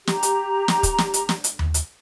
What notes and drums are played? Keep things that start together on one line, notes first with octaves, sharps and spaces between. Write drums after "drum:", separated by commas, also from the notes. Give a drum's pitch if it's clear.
G4 A#5, drum: snare
drum: hi-hat
drum: snare
drum: kick, hi-hat
drum: snare
drum: hi-hat
drum: snare
drum: hi-hat
drum: tom D#2
drum: hi-hat